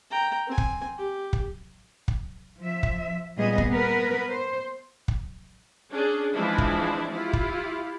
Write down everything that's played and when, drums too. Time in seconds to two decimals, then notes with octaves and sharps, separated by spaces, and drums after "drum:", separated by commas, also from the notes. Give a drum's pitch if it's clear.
0.10 G5 A#5
0.47 C4 G#5
0.58 drum: kick
0.98 G4
1.33 drum: kick
2.08 drum: kick
2.58 F3 E5
2.83 drum: kick
3.37 A#2 G3 B3 G#4 D#5
3.58 drum: kick
3.69 B3 A#4 B4
4.27 C5
5.08 drum: kick
5.91 C#4 D4 G#4
6.34 E3 F3 G#3 C4 D4 E4
6.58 drum: kick
7.12 E4 F4 G4
7.33 drum: kick